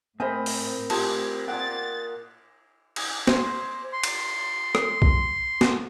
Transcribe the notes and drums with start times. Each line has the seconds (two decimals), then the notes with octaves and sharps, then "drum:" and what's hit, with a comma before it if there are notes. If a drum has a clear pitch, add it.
0.20 A2 C4 A#4 C5 D#5 E5 G#5 B5
0.46 drum: open hi-hat
0.90 F4 G4 A5, drum: cymbal
1.48 A#2 G#4 F#5 G5 A6
2.96 drum: cymbal
3.27 C5, drum: snare
3.93 C6
4.03 drum: cymbal
4.75 drum: rim click
5.02 drum: kick B1
5.61 drum: snare